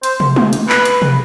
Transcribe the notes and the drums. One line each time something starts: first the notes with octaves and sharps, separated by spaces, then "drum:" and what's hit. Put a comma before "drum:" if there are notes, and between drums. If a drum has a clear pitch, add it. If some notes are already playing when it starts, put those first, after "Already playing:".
C5, drum: hi-hat
drum: tom
drum: tom G#3
drum: hi-hat
B4, drum: clap
drum: hi-hat
drum: tom